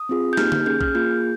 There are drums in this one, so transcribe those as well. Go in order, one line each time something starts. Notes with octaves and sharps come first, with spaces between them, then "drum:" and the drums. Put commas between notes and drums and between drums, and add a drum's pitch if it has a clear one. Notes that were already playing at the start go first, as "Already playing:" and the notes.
Already playing: D#6
C4 F4 G#4
G6
A#3 D#4 G4 F6, drum: snare
drum: tom D3
C#4 G#4 G6
F6, drum: kick A#1
A#3 F4 G#4 G6